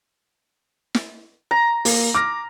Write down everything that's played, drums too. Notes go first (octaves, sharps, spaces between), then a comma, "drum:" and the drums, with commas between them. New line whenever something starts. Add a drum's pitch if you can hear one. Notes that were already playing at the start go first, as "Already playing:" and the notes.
drum: snare
A#5
A#3, drum: open hi-hat
D6 F6 A#6